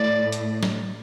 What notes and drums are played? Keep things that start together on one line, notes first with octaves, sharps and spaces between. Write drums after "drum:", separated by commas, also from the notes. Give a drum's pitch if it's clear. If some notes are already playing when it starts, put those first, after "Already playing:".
Already playing: A2 D5
drum: hi-hat
drum: snare